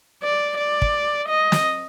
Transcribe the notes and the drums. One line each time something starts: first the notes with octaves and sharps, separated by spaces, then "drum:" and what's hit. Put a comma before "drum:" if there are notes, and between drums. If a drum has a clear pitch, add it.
D5
D5
drum: kick
D#5
drum: snare